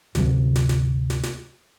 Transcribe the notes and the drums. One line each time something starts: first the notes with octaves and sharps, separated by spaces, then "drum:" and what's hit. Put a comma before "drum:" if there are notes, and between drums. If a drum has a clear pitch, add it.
G#1 D2 C3 F#3, drum: snare
drum: snare
drum: snare
drum: snare
drum: snare